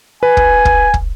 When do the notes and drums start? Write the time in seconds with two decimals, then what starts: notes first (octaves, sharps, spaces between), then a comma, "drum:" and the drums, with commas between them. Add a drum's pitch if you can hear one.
0.23 B4 G#5
0.37 drum: kick
0.65 drum: kick
0.94 drum: kick